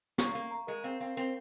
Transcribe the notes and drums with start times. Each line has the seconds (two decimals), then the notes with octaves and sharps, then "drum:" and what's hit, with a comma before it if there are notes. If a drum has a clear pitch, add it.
0.18 A#3 C#6, drum: snare
0.35 A#3 F5
0.51 A#5
0.67 G#3 A#4
0.84 C4 F5
1.00 C4 F5
1.17 C4 A#4